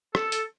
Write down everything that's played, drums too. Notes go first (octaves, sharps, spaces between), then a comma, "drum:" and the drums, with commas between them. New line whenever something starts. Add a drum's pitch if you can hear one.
A4, drum: rim click
drum: hi-hat